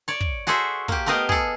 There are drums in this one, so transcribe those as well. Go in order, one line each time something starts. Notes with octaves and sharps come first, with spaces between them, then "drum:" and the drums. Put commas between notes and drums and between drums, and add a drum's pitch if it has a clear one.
C#5 D5
drum: kick
F#4 G#4 A4 C5 E5
A#3 G4, drum: kick
A3 B3 A#4 D#5 F5 G5
G#4 A4, drum: kick